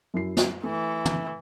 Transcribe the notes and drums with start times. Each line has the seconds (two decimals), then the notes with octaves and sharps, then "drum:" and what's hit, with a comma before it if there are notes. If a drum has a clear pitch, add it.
0.14 F#2 E4 C7
0.37 drum: snare
0.63 E3 A3
1.05 drum: tom